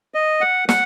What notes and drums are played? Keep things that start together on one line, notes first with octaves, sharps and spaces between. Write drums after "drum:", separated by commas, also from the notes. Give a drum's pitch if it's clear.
D#5
F#5
F#5, drum: snare